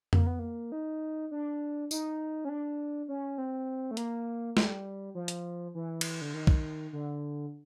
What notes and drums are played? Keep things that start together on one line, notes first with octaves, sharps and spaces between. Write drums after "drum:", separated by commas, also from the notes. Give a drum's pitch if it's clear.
A#3, drum: tom F2
B3
A#3
D#4
D4
D#4, drum: tambourine
C#4
D4
C#4
C4
A3
A#3, drum: hi-hat
G3, drum: snare
F3
drum: hi-hat
E3
drum: cymbal
D3
D#3
drum: kick
D3